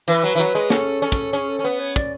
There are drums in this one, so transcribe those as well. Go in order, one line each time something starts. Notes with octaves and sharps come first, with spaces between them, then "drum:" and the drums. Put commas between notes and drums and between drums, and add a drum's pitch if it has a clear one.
E3 B4, drum: hi-hat
F#3
E3
F#3
G#3
C#4 A4, drum: snare
C#4
drum: kick, hi-hat
C#4 G#4, drum: hi-hat
A4
C#4
B3 B4
C#5
D5, drum: kick, hi-hat